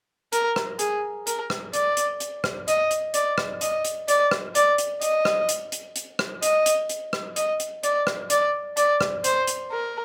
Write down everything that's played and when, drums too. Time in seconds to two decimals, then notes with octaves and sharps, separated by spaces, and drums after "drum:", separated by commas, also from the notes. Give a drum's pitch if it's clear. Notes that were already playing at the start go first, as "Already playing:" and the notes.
0.33 A#4, drum: hi-hat
0.56 drum: rim click
0.79 G#4, drum: hi-hat
1.27 A#4, drum: hi-hat
1.50 drum: rim click
1.73 D5, drum: hi-hat
1.97 drum: hi-hat
2.20 drum: hi-hat
2.44 drum: rim click
2.68 D#5, drum: hi-hat
2.91 drum: hi-hat
3.14 D5, drum: hi-hat
3.38 drum: rim click
3.61 D#5, drum: hi-hat
3.85 drum: hi-hat
4.08 D5, drum: hi-hat
4.31 drum: rim click
4.55 D5, drum: hi-hat
4.78 drum: hi-hat
5.02 D#5, drum: hi-hat
5.25 drum: rim click
5.49 drum: hi-hat
5.72 drum: hi-hat
5.96 drum: hi-hat
6.19 drum: rim click
6.43 D#5, drum: hi-hat
6.66 drum: hi-hat
6.89 drum: hi-hat
7.13 drum: rim click
7.36 D#5, drum: hi-hat
7.60 drum: hi-hat
7.83 D5, drum: hi-hat
8.07 drum: rim click
8.30 D5, drum: hi-hat
8.77 D5, drum: hi-hat
9.01 drum: rim click
9.24 C5, drum: hi-hat
9.47 drum: hi-hat
9.71 A#4